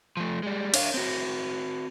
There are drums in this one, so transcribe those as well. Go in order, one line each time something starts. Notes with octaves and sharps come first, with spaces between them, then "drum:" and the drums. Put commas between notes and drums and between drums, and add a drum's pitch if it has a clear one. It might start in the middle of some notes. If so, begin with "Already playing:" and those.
F3 A3
G3 G#3
D4 F5, drum: cymbal
C4 F#4